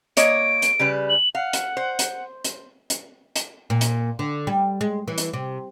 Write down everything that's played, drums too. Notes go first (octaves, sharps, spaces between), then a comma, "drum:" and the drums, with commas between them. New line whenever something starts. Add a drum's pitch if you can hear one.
A#3 C#5 D#5 D7, drum: hi-hat
drum: hi-hat
C#3 G3 B4
F#7
F5 F#5
drum: hi-hat
C5
drum: hi-hat
drum: hi-hat
drum: hi-hat
drum: hi-hat
A#2
drum: hi-hat
D3
G3
G#3
E3
drum: hi-hat
C3